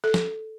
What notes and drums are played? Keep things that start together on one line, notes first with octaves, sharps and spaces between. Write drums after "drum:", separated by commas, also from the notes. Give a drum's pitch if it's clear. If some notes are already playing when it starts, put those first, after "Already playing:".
A4
drum: snare